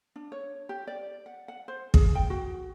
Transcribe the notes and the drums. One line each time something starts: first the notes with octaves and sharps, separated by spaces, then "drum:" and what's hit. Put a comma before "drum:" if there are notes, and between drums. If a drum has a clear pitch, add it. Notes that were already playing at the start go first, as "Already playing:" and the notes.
D4
C#5
G4
D5
F#5
F#5
C5
G#4, drum: kick
G5
F#4